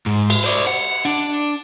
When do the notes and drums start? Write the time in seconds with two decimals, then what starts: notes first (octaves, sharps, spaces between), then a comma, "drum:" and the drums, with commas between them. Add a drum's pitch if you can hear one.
0.06 G#2
0.30 drum: cymbal
0.44 C5 D5
0.67 F#5
1.05 D4